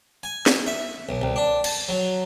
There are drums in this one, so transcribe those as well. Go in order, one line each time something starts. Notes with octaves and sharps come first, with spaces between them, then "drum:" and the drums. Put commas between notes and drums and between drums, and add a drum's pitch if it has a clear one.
G#5
drum: snare
E5
B1
C2
D4
A5, drum: cymbal
F#3